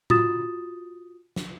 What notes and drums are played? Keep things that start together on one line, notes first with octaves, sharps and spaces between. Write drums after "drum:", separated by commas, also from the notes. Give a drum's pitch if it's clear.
F4 F#4 D#6 A6 E7, drum: tom A2
drum: snare